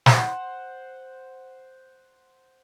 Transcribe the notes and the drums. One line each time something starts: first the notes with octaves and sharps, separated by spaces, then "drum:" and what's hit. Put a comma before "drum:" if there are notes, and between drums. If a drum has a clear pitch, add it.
C5 F#5 C6, drum: snare